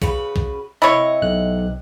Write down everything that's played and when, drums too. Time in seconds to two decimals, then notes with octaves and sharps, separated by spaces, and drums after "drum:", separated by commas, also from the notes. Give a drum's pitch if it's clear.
0.02 C#3 F#4 B4, drum: kick B1
0.36 drum: kick B1
0.82 C3 E4 C#5 D#5
1.22 B1 F#6